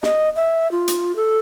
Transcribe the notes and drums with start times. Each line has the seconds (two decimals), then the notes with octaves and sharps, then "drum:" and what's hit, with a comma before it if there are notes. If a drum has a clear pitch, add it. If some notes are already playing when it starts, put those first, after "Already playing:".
0.03 D#5, drum: snare
0.36 E5
0.72 F4
0.88 drum: hi-hat
1.16 A4